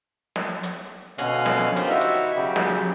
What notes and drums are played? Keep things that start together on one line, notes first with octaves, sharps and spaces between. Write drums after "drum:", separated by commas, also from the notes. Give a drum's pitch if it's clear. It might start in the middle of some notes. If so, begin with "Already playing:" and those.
drum: snare
drum: hi-hat
B2 D3 C#4 D#5 F5 F#6, drum: hi-hat
drum: snare
F4 G4 A#4 C5 D#5, drum: hi-hat
D#4 E4 F#4 E5
drum: hi-hat
C#3 F#3 G4
drum: snare